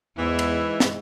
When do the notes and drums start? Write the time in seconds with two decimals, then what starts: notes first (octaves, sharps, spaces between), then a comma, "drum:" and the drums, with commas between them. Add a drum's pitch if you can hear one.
0.18 E2 G#2 B2 E3 E4
0.39 drum: cymbal
0.80 drum: snare